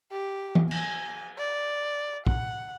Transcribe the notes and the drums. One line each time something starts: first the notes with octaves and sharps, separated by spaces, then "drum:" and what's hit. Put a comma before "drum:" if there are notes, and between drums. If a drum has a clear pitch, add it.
G4
drum: tom E3
G#5, drum: cymbal
D5
F#5, drum: kick